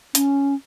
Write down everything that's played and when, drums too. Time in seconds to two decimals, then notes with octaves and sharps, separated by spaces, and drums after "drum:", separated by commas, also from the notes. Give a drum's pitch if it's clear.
0.15 C#4, drum: hi-hat